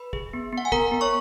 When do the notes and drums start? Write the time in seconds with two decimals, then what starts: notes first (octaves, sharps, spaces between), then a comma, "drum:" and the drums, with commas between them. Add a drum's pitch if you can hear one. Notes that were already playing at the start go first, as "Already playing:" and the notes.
Already playing: B4 B5
0.13 G#4, drum: kick
0.33 B3
0.52 B3
0.58 F#5
0.65 G#5
0.72 B3 A#4 A#5, drum: kick
0.92 B3
1.01 C#5 C#6